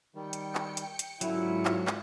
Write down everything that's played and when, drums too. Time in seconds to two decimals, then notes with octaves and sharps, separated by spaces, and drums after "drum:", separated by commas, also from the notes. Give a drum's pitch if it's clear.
0.15 D#3 G3 G5 C#7
0.33 drum: hi-hat
0.55 drum: clap
0.77 drum: hi-hat
0.99 drum: hi-hat
1.21 G#2 D3 F#3 C#4 E4 F4 C#7, drum: hi-hat
1.65 drum: clap
1.87 drum: clap